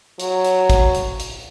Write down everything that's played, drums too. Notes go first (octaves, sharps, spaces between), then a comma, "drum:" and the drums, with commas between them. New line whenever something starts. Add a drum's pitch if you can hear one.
F#3, drum: hi-hat
drum: hi-hat
drum: kick, hi-hat
drum: hi-hat
drum: hi-hat